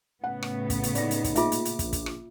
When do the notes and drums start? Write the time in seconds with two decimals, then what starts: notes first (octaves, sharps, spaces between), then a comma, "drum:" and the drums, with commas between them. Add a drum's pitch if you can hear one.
0.24 A2 C#3 B3 F#5
0.43 drum: rim click
0.70 drum: kick, hi-hat
0.83 drum: hi-hat
0.95 C3 G#3 D#4 D5 A#6, drum: hi-hat
1.11 drum: hi-hat
1.24 drum: kick, hi-hat
1.36 A#2 F4 G#4 E5 D6, drum: hi-hat
1.52 drum: hi-hat
1.65 drum: hi-hat
1.79 A#1, drum: kick, hi-hat
1.93 drum: kick, hi-hat
2.06 drum: rim click